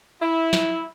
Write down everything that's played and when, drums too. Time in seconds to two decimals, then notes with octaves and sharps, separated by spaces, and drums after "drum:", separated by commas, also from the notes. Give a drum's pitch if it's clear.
0.21 E4
0.53 drum: snare